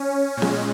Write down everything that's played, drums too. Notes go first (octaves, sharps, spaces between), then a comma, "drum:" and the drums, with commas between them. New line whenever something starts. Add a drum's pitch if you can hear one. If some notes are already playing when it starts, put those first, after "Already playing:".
Already playing: C#4
A#2
G#3, drum: snare B3